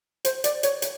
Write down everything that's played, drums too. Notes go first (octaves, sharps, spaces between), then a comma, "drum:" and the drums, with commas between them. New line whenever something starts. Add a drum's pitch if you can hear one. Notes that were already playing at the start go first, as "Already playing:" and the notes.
C5, drum: hi-hat
D5, drum: hi-hat
C#5, drum: hi-hat
drum: hi-hat